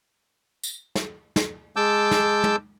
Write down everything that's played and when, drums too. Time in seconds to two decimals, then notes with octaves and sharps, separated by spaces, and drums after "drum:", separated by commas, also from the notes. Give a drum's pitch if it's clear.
0.63 drum: tambourine
0.95 drum: snare
1.36 drum: snare
1.76 G#3 A5 D6 E6 G6
2.11 drum: snare
2.44 drum: tom